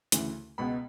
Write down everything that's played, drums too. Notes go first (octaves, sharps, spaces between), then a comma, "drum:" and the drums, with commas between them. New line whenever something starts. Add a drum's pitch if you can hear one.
D2 C#3 E3, drum: hi-hat
C#2 B2 G#3 B3 B5